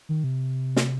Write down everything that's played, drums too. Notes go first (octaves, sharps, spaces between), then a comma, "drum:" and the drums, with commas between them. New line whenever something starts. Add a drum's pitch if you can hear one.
D#3
C3
drum: snare